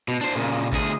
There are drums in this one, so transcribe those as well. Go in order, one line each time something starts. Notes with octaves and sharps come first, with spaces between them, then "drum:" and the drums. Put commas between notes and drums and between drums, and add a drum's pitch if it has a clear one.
B2
D4 C5
A#2 C#3, drum: hi-hat
D2 G#4, drum: kick, hi-hat